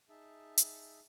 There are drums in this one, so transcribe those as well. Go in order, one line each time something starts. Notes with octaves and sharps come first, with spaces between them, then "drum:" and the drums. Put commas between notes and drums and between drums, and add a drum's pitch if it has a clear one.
D#4 G#4 E5 A5
drum: hi-hat